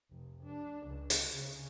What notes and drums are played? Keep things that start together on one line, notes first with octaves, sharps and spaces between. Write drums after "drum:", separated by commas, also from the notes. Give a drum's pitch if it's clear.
F1
D4
C#2
drum: hi-hat
C#3